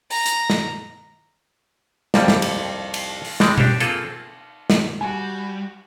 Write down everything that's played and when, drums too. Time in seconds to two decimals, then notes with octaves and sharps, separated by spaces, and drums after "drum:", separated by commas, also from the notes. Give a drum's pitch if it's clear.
0.11 A#5, drum: open hi-hat
0.26 drum: hi-hat
0.50 drum: snare
2.14 C2 F2 C3 G3 A#3, drum: snare
2.28 drum: snare
2.42 drum: cymbal
2.94 drum: cymbal
3.25 drum: open hi-hat
3.40 E3 G3 G#3 C4 D5, drum: snare
3.58 D4 G4 C5 C#5, drum: tom B2
3.80 A#3 C4 F4 G#4 A4, drum: hi-hat
4.70 drum: snare
5.01 G3 F#4 G#5